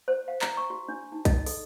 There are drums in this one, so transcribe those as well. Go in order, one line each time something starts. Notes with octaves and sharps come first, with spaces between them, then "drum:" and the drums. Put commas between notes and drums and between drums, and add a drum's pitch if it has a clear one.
C5
F5
A#5, drum: clap
C#6
F#4
D4
D#4
D#5, drum: kick A#1, hi-hat
A4, drum: open hi-hat